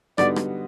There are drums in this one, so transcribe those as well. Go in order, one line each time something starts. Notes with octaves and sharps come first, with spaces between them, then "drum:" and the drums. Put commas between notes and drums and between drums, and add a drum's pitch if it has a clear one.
D3 G3 B3 D#4 F#4 D5, drum: rim click
drum: rim click